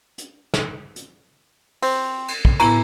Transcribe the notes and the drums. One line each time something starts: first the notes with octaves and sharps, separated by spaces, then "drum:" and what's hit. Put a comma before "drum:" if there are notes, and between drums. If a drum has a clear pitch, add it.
drum: hi-hat
drum: snare
drum: hi-hat
C4, drum: open hi-hat
drum: cymbal
drum: kick
A2 E3 B3 E4 A#5, drum: cymbal